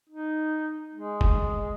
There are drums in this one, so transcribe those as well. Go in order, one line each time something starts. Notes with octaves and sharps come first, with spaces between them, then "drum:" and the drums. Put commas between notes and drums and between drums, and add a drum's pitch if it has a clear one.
D#4
G#3
drum: kick